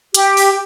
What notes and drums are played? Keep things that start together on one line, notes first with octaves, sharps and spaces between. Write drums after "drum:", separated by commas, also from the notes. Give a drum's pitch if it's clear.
G4, drum: hi-hat
drum: open hi-hat